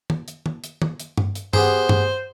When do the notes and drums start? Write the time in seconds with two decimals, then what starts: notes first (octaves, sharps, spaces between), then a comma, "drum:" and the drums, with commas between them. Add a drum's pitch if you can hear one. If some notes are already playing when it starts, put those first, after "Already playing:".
0.10 drum: tom D#3
0.28 drum: hi-hat
0.46 drum: tom D#3
0.64 drum: hi-hat
0.82 drum: tom D#3
1.00 drum: hi-hat
1.17 drum: tom G2
1.35 drum: hi-hat
1.53 B3 G4 G#4 C5, drum: tom G2
1.89 drum: tom G2